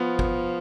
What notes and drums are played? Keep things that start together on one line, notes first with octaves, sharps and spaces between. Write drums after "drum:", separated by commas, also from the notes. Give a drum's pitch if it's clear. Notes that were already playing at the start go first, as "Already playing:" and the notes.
Already playing: F3 B3
drum: kick